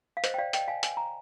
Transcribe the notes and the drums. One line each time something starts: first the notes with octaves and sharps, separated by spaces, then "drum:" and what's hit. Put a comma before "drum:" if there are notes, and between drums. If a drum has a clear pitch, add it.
F5
C5 D#5, drum: hi-hat
G5
D5 F5
D#5 G5, drum: hi-hat
F5 G#5
G#5, drum: hi-hat
A#5